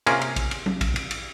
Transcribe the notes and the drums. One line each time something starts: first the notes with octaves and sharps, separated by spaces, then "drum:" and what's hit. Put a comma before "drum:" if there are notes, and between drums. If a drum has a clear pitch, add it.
C3 A#3 C#4 F4 G#4 A#4, drum: cymbal
drum: cymbal
drum: kick, cymbal
drum: cymbal
drum: tom
drum: kick, cymbal
drum: cymbal
drum: cymbal